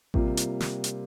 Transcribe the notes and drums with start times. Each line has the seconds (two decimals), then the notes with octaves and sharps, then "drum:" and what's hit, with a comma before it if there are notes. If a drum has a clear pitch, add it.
0.14 C3 G3 A#3 F4, drum: kick A1
0.37 drum: hi-hat
0.60 drum: snare
0.84 drum: hi-hat